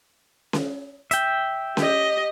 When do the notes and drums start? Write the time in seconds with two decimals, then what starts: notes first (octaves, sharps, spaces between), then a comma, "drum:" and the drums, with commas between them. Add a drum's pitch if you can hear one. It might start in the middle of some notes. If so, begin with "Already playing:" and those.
0.53 drum: snare C#4
1.11 E5 G5, drum: hi-hat
1.77 G4 D#5, drum: snare C#4